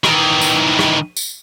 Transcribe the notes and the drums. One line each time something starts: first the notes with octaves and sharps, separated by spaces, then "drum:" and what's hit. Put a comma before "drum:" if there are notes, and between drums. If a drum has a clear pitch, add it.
D#3 E3, drum: rim click
drum: tambourine
drum: rim click
drum: tambourine